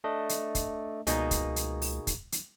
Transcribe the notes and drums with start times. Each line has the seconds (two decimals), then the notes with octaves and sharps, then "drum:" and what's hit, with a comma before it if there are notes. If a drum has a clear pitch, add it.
0.04 A3 D4 D#5
0.29 drum: hi-hat
0.55 drum: kick, hi-hat
1.07 C#2 B2 A#3 D#4 G#4, drum: hi-hat
1.31 drum: kick, hi-hat
1.56 drum: hi-hat
1.82 drum: open hi-hat
2.07 drum: kick, hi-hat
2.32 drum: hi-hat